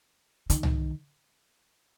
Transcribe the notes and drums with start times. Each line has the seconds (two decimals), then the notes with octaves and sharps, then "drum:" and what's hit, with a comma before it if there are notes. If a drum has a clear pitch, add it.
0.50 D#3, drum: hi-hat
0.63 drum: tom C2